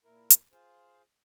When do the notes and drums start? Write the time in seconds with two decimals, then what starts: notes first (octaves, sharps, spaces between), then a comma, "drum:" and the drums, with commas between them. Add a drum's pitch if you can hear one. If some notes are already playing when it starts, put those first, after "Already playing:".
0.05 A#2 E4 A#4
0.30 drum: hi-hat
0.52 F4 G#4 C5 F5